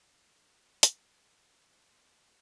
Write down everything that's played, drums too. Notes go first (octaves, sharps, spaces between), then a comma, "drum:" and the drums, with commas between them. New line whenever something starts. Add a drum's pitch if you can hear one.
drum: hi-hat
F3
C6